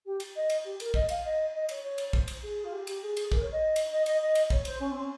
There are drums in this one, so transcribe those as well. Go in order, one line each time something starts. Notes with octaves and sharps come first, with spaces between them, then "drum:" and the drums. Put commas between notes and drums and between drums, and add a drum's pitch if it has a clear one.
G4
drum: cymbal
D#5
drum: cymbal
G4
A#4, drum: cymbal
D#5, drum: kick
F5, drum: cymbal
D#5
D#5
C#5, drum: cymbal
C#5
drum: cymbal
C5, drum: kick
drum: cymbal
G#4
F4
G4
G4, drum: cymbal
G#4
drum: cymbal
A#4, drum: kick
C#5
D#5
drum: cymbal
D#5
D#5, drum: cymbal
D#5
drum: cymbal
C#5, drum: kick
C5, drum: cymbal
C#4
C4
C#4